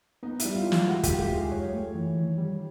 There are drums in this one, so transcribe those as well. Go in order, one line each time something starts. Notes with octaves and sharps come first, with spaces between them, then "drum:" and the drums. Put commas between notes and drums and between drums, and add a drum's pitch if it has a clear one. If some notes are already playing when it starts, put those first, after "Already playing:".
B3 D#4
E4, drum: hi-hat
G3
F4
G3
F4, drum: snare
G#3 F#4
G4, drum: kick, hi-hat
D#2
G4
G#3
G#4
F#2 C#5
A3
E3
D#3
G3